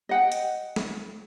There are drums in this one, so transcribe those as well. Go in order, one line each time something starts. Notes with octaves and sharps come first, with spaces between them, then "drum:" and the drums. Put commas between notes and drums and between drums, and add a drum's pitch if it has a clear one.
D#5 F#5 G5
drum: hi-hat
drum: snare